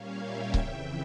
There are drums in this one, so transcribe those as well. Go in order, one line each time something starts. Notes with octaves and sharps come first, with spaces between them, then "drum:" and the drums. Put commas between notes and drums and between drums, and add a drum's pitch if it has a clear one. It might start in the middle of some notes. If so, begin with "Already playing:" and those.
Already playing: A#2 G3 A#3 C#4 C#5 F5
E5 G5
F2 C#3 E3, drum: kick C#1